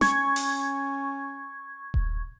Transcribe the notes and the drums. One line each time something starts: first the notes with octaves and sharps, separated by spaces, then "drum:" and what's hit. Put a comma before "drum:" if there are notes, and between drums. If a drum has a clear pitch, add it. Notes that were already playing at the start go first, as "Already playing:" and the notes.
C#4 C#6 G#6, drum: snare
drum: open hi-hat
drum: kick D#1